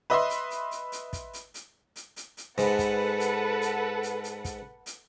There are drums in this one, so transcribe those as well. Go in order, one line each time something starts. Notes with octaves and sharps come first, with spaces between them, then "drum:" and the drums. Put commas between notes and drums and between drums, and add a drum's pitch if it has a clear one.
B4 D#5 E5 C6
drum: hi-hat
drum: hi-hat
drum: hi-hat
drum: hi-hat
drum: kick, hi-hat
drum: hi-hat
drum: hi-hat
drum: hi-hat
drum: hi-hat
drum: hi-hat
G#2 A4 B4 F#5, drum: hi-hat
drum: kick, hi-hat
drum: hi-hat
drum: hi-hat
drum: hi-hat
drum: hi-hat
drum: kick, hi-hat
drum: hi-hat